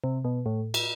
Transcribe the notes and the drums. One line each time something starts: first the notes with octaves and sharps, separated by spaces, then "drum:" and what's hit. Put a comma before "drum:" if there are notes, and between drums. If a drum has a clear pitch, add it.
C3
B2
A2
drum: cymbal